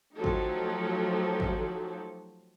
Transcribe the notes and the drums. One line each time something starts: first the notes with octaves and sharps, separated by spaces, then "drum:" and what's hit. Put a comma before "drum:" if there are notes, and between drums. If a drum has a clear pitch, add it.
F3 F#3 A3 D#4 G4 A4
drum: kick
drum: kick